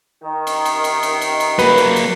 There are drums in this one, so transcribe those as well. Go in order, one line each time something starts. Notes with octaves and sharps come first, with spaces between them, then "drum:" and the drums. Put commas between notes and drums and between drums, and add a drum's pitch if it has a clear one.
D#3
drum: cymbal
drum: cymbal
drum: cymbal
drum: cymbal
drum: cymbal
drum: cymbal
F#3 A#3 B4, drum: cymbal
drum: cymbal
drum: cymbal